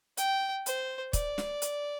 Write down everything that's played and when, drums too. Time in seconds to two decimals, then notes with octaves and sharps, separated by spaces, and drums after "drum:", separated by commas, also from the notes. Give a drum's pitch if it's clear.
0.17 G5, drum: hi-hat
0.66 C5, drum: hi-hat
1.13 D5, drum: kick, hi-hat
1.38 drum: snare
1.62 drum: hi-hat